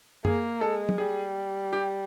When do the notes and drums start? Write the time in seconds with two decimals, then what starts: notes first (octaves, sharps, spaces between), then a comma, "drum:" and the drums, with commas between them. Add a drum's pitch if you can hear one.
0.25 A#3 G#4, drum: tom F#2
0.61 G#3 A4
0.89 drum: tom
0.98 G3 G#4
1.73 G4